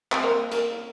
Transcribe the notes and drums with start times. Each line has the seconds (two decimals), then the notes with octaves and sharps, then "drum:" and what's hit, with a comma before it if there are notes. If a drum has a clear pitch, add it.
0.12 C4, drum: clap
0.23 A#3
0.51 A#3, drum: hi-hat